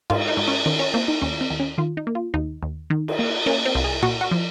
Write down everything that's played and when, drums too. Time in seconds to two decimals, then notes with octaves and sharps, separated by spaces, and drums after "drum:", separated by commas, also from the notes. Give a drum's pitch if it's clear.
0.10 G#2 F4, drum: cymbal
0.28 D#4
0.37 G#2
0.48 C#4
0.66 D#3 C#4
0.79 C#4
0.94 A#3 C4
1.08 D#4
1.22 D#2 C#4
1.41 C4
1.50 D#2
1.60 C#4
1.78 D#3 F4
1.97 D#4
2.07 A#3
2.15 F4
2.34 D#2 D#4
2.63 D#2
2.90 D#3
3.08 drum: cymbal
3.19 A#3
3.46 A#3 C#4
3.66 C4
3.75 C2
3.84 G#4
4.02 A#2 F#4
4.21 F#4
4.31 F3